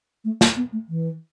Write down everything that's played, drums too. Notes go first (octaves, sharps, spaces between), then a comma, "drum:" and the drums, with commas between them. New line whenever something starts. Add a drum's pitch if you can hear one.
A3
A#3, drum: snare
B3
A3
E3